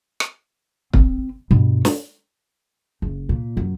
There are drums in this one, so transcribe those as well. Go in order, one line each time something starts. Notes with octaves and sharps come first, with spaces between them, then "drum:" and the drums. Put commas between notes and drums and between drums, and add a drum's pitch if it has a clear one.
drum: rim click
C4, drum: kick
G2 B2
drum: snare
F#1
A#2
F#2